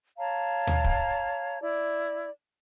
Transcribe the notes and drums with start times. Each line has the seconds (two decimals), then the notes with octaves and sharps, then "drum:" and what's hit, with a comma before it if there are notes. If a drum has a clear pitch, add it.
0.18 C#5 F5 A5 A#5
0.67 drum: tom D2
0.84 drum: kick
1.60 E4 D5